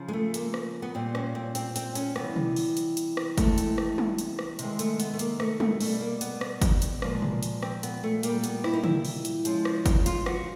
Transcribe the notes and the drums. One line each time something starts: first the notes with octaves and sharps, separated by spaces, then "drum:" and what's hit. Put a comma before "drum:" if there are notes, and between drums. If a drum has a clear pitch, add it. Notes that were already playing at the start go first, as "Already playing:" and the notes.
Already playing: C#3 F3
G#3
A3
A#3, drum: hi-hat
drum: rim click
B3
A#2 G3 C4
C#4, drum: rim click
C4
C4, drum: hi-hat
C4, drum: hi-hat
C#4, drum: hi-hat
C3 E3 G3 B3, drum: rim click
drum: tom
drum: open hi-hat
drum: hi-hat
drum: hi-hat
drum: rim click
C3 E3 G#3 A3, drum: kick G1, hi-hat
drum: hi-hat
drum: rim click
drum: tom
drum: hi-hat
drum: rim click
C3 D#3 G#3, drum: hi-hat
A3, drum: hi-hat
B3, drum: hi-hat
A3
A#3, drum: hi-hat
A3, drum: rim click
A3, drum: tom
B2 G3 A3, drum: open hi-hat
A#3
B3, drum: hi-hat
drum: rim click
drum: kick G1, hi-hat
drum: hi-hat
A#2 F3 G#3, drum: rim click
drum: tom
drum: hi-hat
C4, drum: rim click
B3, drum: hi-hat
A3
A#2 G3 A#3, drum: hi-hat
B3, drum: hi-hat
E4, drum: rim click
D#4
E4, drum: tom
drum: open hi-hat
drum: hi-hat
C#3 F3 G#3, drum: hi-hat
drum: rim click
drum: kick G1, hi-hat
F4, drum: hi-hat
F#4, drum: rim click